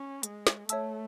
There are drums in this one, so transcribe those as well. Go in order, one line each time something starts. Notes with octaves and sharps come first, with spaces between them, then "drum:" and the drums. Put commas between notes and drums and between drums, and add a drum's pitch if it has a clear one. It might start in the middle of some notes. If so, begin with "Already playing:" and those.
Already playing: C#4
G#3, drum: hi-hat
drum: snare
A3 C#5 E5 A5 E6, drum: hi-hat